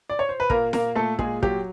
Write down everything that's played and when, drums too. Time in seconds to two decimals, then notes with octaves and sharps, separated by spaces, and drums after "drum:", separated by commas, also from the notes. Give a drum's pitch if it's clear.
0.10 D5
0.19 C#5
0.29 C5
0.40 B4
0.50 A#2 A#3 A#4, drum: kick
0.73 A#2 A#3 A#4, drum: snare
0.95 A#2 A3 A4
1.19 A#2 G#3 G#4, drum: kick
1.43 F#3 G4, drum: kick